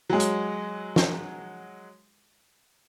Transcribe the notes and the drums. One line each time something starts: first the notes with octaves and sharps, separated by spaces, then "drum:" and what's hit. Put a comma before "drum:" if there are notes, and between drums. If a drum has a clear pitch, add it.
F#3 G#3
drum: hi-hat
drum: snare